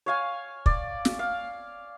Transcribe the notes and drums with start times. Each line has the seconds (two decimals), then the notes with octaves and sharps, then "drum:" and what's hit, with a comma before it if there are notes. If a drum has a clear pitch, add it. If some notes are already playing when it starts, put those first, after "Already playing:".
0.06 C#5 F5 G#5
0.66 D5, drum: kick
1.05 drum: snare
1.19 F5